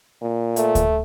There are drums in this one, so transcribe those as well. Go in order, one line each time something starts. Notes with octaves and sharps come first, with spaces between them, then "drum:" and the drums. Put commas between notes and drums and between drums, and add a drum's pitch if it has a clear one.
A#2
A3, drum: hi-hat
drum: kick D2, hi-hat